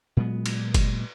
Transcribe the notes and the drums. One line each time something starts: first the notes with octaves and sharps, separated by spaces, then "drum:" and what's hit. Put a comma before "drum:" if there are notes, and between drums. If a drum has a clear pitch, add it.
A#2 F#3 G#3 B3
drum: cymbal
drum: kick F#1, cymbal